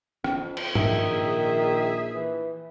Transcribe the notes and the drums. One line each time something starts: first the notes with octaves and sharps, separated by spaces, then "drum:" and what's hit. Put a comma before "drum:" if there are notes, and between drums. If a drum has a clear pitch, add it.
F2, drum: rim click
drum: cymbal
A#1 D#3 G#4 E5, drum: tom G#2
E3